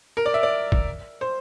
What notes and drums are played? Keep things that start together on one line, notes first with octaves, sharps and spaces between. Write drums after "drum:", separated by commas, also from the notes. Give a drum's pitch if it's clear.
A#4
D5
E5
D5
drum: kick
C5